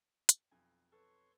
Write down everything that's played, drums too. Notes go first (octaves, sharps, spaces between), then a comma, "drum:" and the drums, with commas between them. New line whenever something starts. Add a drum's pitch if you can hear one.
drum: hi-hat
B1 F2 G#5
A4 B4 C#5 C6 C#6